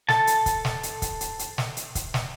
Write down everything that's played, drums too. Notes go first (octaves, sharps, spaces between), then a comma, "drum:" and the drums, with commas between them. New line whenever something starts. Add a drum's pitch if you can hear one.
A4 A5, drum: snare
drum: hi-hat
drum: kick, hi-hat
drum: snare
drum: hi-hat
drum: kick, hi-hat
drum: hi-hat
drum: hi-hat
drum: snare
drum: hi-hat
drum: kick, hi-hat
drum: snare